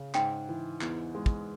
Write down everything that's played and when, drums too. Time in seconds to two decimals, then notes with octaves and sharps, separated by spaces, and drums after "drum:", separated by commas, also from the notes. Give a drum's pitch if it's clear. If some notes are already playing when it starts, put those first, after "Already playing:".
Already playing: C#3
0.15 G#2 G5, drum: clap
0.49 E3
0.81 E2, drum: clap
1.15 G#3
1.26 drum: kick